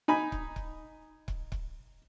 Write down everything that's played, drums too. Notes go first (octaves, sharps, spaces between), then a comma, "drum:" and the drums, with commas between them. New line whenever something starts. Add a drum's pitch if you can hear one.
D#4 G#5 B5
drum: kick C#1
drum: kick C#1
drum: kick C#1
drum: kick C#1